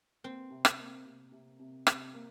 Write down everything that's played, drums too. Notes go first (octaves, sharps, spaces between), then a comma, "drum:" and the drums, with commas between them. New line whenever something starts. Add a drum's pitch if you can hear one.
A#3 C4
C3
drum: rim click
A#3
C3
C3
C3
C3, drum: rim click
A#3